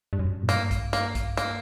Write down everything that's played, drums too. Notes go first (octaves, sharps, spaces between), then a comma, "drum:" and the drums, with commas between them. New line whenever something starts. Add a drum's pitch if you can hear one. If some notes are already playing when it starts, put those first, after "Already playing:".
G2
F#2
A#2
G2 A#3, drum: hi-hat
drum: kick A#1, hi-hat
A#3, drum: hi-hat
drum: kick A#1, hi-hat
A#3, drum: hi-hat